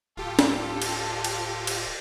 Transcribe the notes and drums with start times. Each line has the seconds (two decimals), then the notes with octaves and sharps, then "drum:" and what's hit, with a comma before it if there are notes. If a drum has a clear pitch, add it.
0.17 D1 F4 G4 A4
0.39 drum: snare
0.82 drum: cymbal
1.24 drum: cymbal
1.67 drum: cymbal